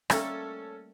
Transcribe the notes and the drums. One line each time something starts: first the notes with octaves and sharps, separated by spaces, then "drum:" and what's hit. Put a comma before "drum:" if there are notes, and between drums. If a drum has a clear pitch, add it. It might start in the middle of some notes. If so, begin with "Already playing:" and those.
G3 A3 A#3 C#4 A4, drum: rim click